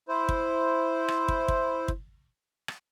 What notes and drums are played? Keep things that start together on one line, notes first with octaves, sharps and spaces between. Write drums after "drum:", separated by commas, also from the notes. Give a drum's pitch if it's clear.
E4 C5
drum: kick
drum: rim click
drum: kick
drum: kick
drum: kick
drum: rim click